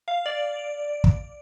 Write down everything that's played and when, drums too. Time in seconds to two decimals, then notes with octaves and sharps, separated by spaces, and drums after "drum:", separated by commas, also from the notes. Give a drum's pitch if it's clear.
0.08 F5
0.26 D5
1.04 drum: kick